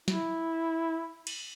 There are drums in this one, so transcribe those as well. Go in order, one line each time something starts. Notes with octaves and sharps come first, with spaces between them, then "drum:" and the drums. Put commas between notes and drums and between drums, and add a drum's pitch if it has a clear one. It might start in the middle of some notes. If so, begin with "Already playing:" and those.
E4, drum: snare
drum: cymbal